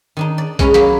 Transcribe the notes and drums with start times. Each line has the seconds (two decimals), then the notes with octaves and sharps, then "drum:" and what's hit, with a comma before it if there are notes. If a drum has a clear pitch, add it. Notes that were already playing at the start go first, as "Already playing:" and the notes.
0.17 D#3 D4 D#4
0.38 D5
0.59 G#3 C#4 B4 A#5, drum: kick B1, hi-hat
0.74 F#3 A#3 B5, drum: hi-hat